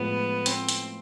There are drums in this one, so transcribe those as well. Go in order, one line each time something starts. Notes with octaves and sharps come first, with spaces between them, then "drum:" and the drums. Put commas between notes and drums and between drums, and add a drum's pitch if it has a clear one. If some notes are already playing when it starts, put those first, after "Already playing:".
Already playing: A2 F3 G#3 B3
C4, drum: hi-hat
drum: hi-hat